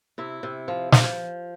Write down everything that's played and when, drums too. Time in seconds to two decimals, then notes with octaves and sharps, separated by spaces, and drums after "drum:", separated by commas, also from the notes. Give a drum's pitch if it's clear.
0.18 C3 E4
0.43 C3
0.68 F3
0.92 F3, drum: snare